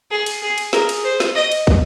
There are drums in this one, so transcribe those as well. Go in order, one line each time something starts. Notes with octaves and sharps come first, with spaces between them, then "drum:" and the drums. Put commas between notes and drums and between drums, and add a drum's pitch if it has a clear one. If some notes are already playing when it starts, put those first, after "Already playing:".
G#4
drum: cymbal
G#4
drum: cymbal
G#4 A#4, drum: snare
drum: cymbal
C5
drum: snare
D#5
drum: cymbal
drum: kick